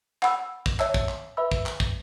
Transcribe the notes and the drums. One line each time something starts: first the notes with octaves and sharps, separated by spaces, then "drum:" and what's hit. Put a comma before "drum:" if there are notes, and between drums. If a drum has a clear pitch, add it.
F#5 B5 E6, drum: clap
drum: kick
C#5 E5 A5 E6, drum: clap
drum: kick
drum: clap
B4 E5 B5 E6
drum: kick
drum: clap
drum: kick